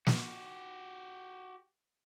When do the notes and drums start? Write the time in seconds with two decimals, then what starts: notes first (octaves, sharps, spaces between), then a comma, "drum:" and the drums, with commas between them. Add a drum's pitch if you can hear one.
0.07 F#4 G4, drum: snare